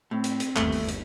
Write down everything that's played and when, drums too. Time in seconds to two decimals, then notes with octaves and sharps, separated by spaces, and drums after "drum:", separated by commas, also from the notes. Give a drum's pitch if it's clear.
0.11 A2 C4
0.24 drum: hi-hat
0.40 drum: hi-hat
0.56 G1 D#2 A3, drum: clap
0.72 drum: open hi-hat
0.89 drum: hi-hat